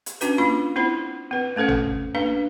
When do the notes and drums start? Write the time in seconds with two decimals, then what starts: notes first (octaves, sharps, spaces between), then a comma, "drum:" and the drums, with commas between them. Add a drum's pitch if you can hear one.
0.06 drum: hi-hat
0.21 C#4 D4 F#4 B4, drum: hi-hat
0.38 A#3 F4 B5
0.76 C4 E4 C5 B5
1.31 C4 B4
1.56 A3 C#4 A4 C5 F#5
1.68 drum: tom G#1
2.15 A#3 D4 B4 F5